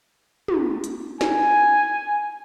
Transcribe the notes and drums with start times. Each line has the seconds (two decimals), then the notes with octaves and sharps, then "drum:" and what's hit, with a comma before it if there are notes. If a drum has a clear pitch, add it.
0.48 drum: tom
0.84 drum: hi-hat
1.21 G#5, drum: snare